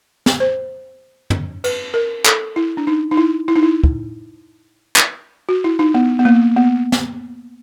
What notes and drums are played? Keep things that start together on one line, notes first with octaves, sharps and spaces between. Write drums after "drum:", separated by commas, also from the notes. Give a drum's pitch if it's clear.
drum: snare
C5
drum: tom
B4, drum: cymbal
A#4
A4, drum: clap
E4
D4
D#4
D#4
E4
E4
D#4
E4
drum: kick
drum: clap
F#4
E4
D#4
B3
B3
A#3
B3
drum: snare